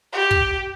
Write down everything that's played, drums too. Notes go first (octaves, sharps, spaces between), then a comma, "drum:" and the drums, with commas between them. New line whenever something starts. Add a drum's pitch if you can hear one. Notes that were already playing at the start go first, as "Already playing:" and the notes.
G4
drum: kick